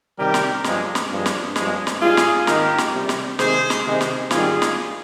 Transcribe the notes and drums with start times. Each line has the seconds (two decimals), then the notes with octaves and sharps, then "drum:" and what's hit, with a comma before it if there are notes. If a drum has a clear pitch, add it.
0.19 C3 D#3 G3 G4 A#4
0.34 drum: snare
0.64 G2 F3 G#3, drum: snare
0.95 drum: snare
1.10 G2 F3 G#3
1.26 drum: snare
1.56 G2 F3 G#3, drum: snare
1.87 drum: snare
2.01 G#2 G3 F4 G#4
2.17 drum: snare
2.47 G#2 D#3 G#3 G4 A#4, drum: snare
2.78 drum: snare
2.93 C3 G3
3.09 drum: snare
3.39 C3 D#3 G#3 G#4 C5, drum: snare
3.70 drum: snare
3.86 C3 D#3 G#3
4.01 drum: snare
4.31 G#2 D#3 G3 F4 G#4, drum: snare
4.62 drum: snare